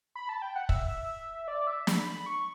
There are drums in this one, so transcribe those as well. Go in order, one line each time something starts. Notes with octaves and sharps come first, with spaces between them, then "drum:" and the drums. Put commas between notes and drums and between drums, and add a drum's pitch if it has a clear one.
B5
A5
G5
F#5
E5, drum: kick
D5
E5
B5, drum: snare
B5
C#6